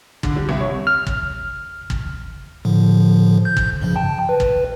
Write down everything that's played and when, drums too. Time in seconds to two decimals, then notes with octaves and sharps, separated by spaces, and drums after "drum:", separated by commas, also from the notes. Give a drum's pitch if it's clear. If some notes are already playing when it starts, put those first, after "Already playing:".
0.23 D3, drum: kick
0.36 G3
0.49 C2
0.61 C#5
0.87 F6
1.07 drum: kick
1.90 drum: kick
2.65 A2 D3 F3
3.45 G6
3.57 drum: kick
3.81 G2 C#3 F3
3.96 G5 A5
4.29 B4
4.40 drum: kick